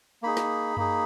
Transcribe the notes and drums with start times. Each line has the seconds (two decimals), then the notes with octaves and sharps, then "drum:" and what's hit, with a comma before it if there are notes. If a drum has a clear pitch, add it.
0.23 A#3 D#4 G#4 B5
0.37 drum: snare
0.77 A#3 D#4 G#4, drum: tom F#2